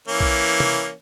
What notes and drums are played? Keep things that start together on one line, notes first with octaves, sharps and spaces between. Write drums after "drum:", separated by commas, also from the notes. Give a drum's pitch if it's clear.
E3 A#3 C#4
drum: kick B1
drum: tom